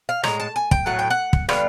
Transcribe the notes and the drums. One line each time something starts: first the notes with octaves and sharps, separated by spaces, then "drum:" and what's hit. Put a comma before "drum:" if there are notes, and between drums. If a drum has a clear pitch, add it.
F5
A2 E3 G#3 A#5, drum: rim click
A5
G#5
G5, drum: kick
A2 F#3 A3 F#5
G5
F#5
drum: kick
D3 G3 B3 F5, drum: rim click